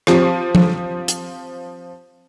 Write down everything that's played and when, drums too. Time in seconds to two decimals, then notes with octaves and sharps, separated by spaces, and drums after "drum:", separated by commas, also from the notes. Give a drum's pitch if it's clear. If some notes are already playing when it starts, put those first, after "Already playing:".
0.07 F3 C4 G4, drum: rim click
0.55 drum: tom F3
1.08 drum: hi-hat